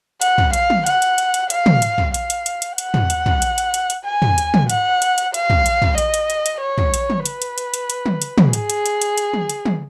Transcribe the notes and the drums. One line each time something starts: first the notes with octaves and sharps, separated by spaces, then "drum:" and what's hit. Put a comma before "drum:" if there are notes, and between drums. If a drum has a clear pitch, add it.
F#5, drum: hi-hat
drum: tom
F5, drum: hi-hat
drum: tom
F#5, drum: hi-hat
drum: hi-hat
drum: hi-hat
drum: hi-hat
F5, drum: hi-hat
drum: tom
drum: hi-hat
drum: tom
F5, drum: hi-hat
drum: hi-hat
drum: hi-hat
drum: hi-hat
F#5, drum: hi-hat
drum: tom
drum: hi-hat
drum: tom
drum: hi-hat
drum: hi-hat
drum: hi-hat
drum: hi-hat
G#5
drum: tom
drum: hi-hat
drum: tom
F#5, drum: hi-hat
drum: hi-hat
drum: hi-hat
F5, drum: hi-hat
drum: tom
drum: hi-hat
drum: tom
D#5, drum: hi-hat
drum: hi-hat
drum: hi-hat
drum: hi-hat
C#5
drum: tom
drum: hi-hat
drum: tom
B4, drum: hi-hat
drum: hi-hat
drum: hi-hat
drum: hi-hat
drum: hi-hat
drum: tom
drum: hi-hat
drum: tom
G#4, drum: hi-hat
drum: hi-hat
drum: hi-hat
drum: hi-hat
drum: hi-hat
drum: tom
drum: hi-hat
drum: tom